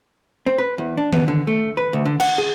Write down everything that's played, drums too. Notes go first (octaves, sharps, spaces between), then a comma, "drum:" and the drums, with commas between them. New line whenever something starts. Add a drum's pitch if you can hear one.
C4
B4
E2
D4
B3, drum: tom D#3
D3
A3
B4
D2
D3
F#5, drum: cymbal
G#4